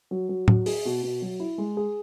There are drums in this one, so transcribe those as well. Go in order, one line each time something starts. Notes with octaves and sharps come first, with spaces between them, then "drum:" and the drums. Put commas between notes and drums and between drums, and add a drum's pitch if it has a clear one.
F#3
F#3
F#3, drum: tom A2
G#4, drum: open hi-hat
B2
B2
F#3
E4
G#3
G#4